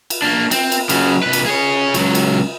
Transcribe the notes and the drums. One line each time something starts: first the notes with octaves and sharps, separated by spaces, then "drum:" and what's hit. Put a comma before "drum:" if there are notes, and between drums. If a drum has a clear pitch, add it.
drum: cymbal
A#3 D4
C4, drum: cymbal
drum: cymbal
C#3 F#3, drum: cymbal
C2 B4
drum: cymbal
G#4 C#5
C#2 F#3, drum: cymbal
drum: cymbal